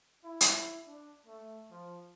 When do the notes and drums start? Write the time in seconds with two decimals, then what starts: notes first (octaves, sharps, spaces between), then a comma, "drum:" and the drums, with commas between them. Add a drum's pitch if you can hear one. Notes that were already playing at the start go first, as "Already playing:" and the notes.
0.24 E4
0.41 drum: hi-hat
0.87 D4
1.27 A3
1.71 F3